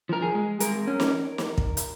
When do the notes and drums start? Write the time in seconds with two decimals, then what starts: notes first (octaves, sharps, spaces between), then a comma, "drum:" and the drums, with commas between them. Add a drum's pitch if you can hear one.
0.09 F3 A#4
0.22 G#4
0.35 G#3
0.60 G#3 A#4, drum: hi-hat
0.87 C#4
1.00 drum: snare
1.38 drum: snare
1.58 drum: kick
1.77 drum: hi-hat